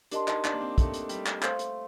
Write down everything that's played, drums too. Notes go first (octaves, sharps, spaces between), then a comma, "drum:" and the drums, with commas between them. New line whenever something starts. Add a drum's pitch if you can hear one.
D4 G4 A#4 D#5 A5 C6, drum: hi-hat
D#4, drum: clap
D4, drum: clap
A#3
C4
A3, drum: kick, hi-hat
drum: hi-hat
G3, drum: hi-hat
drum: clap
A3 C5 F5 C6, drum: clap
drum: hi-hat